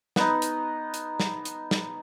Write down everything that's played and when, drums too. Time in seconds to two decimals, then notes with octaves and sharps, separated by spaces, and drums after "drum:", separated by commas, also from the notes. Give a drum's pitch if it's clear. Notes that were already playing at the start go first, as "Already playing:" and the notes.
0.16 B3 D#4, drum: snare
0.42 drum: hi-hat
0.94 drum: hi-hat
1.20 drum: snare
1.45 drum: hi-hat
1.71 drum: snare